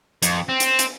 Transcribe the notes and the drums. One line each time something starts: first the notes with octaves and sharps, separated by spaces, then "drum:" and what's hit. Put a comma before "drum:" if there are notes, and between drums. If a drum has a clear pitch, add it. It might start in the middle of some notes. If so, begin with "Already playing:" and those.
F2, drum: hi-hat
C4
drum: hi-hat
drum: hi-hat